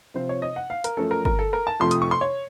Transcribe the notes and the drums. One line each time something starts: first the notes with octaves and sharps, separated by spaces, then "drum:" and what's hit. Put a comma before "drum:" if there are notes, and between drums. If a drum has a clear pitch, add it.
C3 F3 C4 F4 C5
C#5
D#5
F#5
F5
A#4, drum: hi-hat
F#2 F3 A3 C#4 A4
A#4
A#4, drum: kick G1
A4
A#4
A5
F2 C3 F3 A3 C6
D#6, drum: hi-hat
C#6
C6
C#5